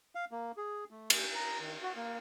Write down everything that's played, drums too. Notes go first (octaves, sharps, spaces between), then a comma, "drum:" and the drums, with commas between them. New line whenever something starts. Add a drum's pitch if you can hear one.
F5
A#3
G#4
A3
drum: cymbal
A#5
D#3
F#4
A#3